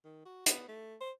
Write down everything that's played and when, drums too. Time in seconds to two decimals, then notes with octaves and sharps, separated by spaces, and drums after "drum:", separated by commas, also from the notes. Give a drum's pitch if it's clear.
0.04 D#3
0.25 F#4
0.46 B3, drum: hi-hat
0.69 A3
1.01 C5